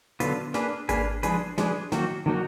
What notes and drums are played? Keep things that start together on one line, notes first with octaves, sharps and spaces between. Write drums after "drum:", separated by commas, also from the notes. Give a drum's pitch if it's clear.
D3 F#3 B3 F4 B4, drum: hi-hat
A#3 D4 G#4 B4, drum: snare
A#3 D4 G#4 B4, drum: kick G#1, hi-hat
F3 G#3 D4 G#4 B4, drum: hi-hat
F3 G#3 D4 G#4 B4, drum: snare
D#3 F#3 A#3 D#4 F#4, drum: snare
D#3 F#3 A#3 D#4 F#4